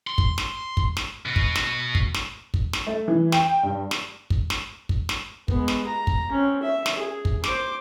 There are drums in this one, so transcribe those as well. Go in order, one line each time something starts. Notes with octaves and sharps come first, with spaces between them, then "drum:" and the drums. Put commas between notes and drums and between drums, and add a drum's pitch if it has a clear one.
C6
drum: kick
drum: snare
drum: kick
drum: snare
B2 F#4
drum: kick
drum: snare
drum: kick
drum: snare
drum: kick
drum: snare
A3
E3
G5, drum: snare
G2
drum: snare
drum: kick
drum: snare
drum: kick
drum: snare
G#3 B3, drum: kick
drum: snare
A#5
drum: kick
C4 C#4
E5
drum: snare
G#4
drum: kick
C5 D6, drum: snare